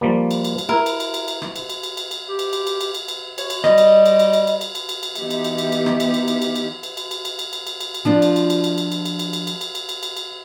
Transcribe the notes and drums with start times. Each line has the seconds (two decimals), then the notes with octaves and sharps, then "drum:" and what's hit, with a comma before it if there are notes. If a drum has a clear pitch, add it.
0.01 F3 G3 A#3
0.31 drum: cymbal
0.44 drum: cymbal
0.58 drum: cymbal
0.69 E4 A#4
0.86 drum: cymbal
1.00 drum: cymbal
1.14 drum: cymbal
1.28 drum: cymbal
1.42 drum: rim click
1.56 drum: cymbal
1.69 drum: cymbal
1.83 drum: cymbal
1.97 drum: cymbal
2.11 drum: cymbal
2.29 G4
2.39 drum: cymbal
2.53 drum: cymbal
2.67 drum: cymbal
2.81 drum: cymbal
2.94 drum: cymbal
3.08 drum: cymbal
3.38 C#5, drum: cymbal
3.50 drum: cymbal
3.64 G3 D#5, drum: rim click
3.78 drum: cymbal
4.06 drum: cymbal
4.19 drum: cymbal
4.33 drum: cymbal
4.47 drum: cymbal
4.61 drum: cymbal
4.75 drum: cymbal
4.89 drum: cymbal
5.03 drum: cymbal
5.15 E3 B3 D#4 G4 E5, drum: cymbal
5.30 drum: cymbal
5.44 drum: cymbal
5.58 drum: cymbal
5.72 drum: cymbal
5.86 drum: rim click
6.00 drum: cymbal
6.14 drum: cymbal
6.28 drum: cymbal
6.42 drum: cymbal
6.55 drum: cymbal
6.83 drum: cymbal
6.97 drum: cymbal
7.11 drum: cymbal
7.25 drum: cymbal
7.39 drum: cymbal
7.53 drum: cymbal
7.67 drum: cymbal
7.80 drum: cymbal
7.94 drum: cymbal
8.05 F3 D4 F4
8.22 drum: cymbal
8.36 drum: cymbal
8.50 drum: cymbal
8.64 drum: cymbal
8.78 drum: cymbal
8.92 drum: cymbal
9.05 drum: cymbal
9.19 drum: cymbal
9.33 drum: cymbal
9.47 drum: cymbal
9.61 drum: cymbal
9.75 drum: cymbal
9.89 drum: cymbal
10.03 drum: cymbal
10.17 drum: cymbal